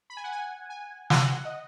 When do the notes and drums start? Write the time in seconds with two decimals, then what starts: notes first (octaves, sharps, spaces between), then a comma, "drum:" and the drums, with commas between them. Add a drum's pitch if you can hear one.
0.10 B5
0.17 G#5
0.24 F#5
0.32 G#5
0.70 G#5
1.10 drum: snare
1.30 F#5
1.45 D#5